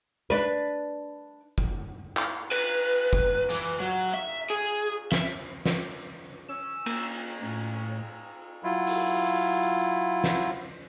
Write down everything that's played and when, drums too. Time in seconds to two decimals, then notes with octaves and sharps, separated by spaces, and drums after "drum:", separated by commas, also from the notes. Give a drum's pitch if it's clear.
0.30 D4 B4
1.58 drum: kick
2.17 drum: clap
2.51 B4, drum: cymbal
3.13 drum: kick
3.50 E3, drum: tambourine
3.80 F#3
4.14 E5
4.50 G#4
5.12 E5, drum: snare
5.65 drum: snare
6.49 C#4 E6
6.86 A#3, drum: cymbal
7.42 A2 C#4
8.64 F#3 E4 F4
8.87 drum: open hi-hat
10.24 drum: snare